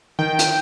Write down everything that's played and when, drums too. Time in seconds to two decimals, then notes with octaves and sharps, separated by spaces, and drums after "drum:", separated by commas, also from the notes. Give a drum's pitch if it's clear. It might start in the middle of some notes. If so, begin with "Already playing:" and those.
0.19 D#3 G5
0.39 drum: hi-hat